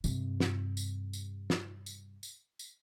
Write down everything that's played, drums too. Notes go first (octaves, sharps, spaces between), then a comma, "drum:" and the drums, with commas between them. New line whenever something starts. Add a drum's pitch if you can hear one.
G2 C3, drum: tambourine
drum: snare
drum: tambourine
drum: tambourine
drum: snare
drum: tambourine
drum: tambourine
drum: tambourine